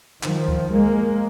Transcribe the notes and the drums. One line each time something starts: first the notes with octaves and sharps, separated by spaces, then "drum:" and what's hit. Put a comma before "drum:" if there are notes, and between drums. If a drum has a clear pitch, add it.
D#3 F3, drum: clap
drum: kick C#2
G#3 A#3